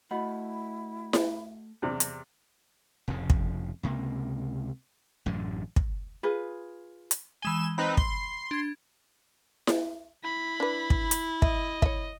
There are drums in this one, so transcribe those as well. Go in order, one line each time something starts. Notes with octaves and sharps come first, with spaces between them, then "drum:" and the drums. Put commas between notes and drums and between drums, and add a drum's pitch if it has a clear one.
A3 E4 F#4 D#5 F#5 B5
drum: snare E4
B1 E2 C3 D5
drum: hi-hat
F1 F2 A2 C#3
drum: kick
C#2 C3 A#3
A1 F#2 A2 D3
drum: kick
F4 G#4 B4
drum: hi-hat
E3 G#3 G#5 E7 G7
C4 D#4 B4 B5
C6, drum: kick
D4 G#6
drum: snare E4
E4 B5
D4 B4
drum: kick
drum: hi-hat
D#5 E5, drum: kick
C#5 E5, drum: kick